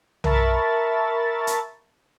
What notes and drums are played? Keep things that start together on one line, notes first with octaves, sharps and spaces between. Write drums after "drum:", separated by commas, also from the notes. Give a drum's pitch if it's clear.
A#4 E5 A5 B5 C#6 A6, drum: tom
drum: hi-hat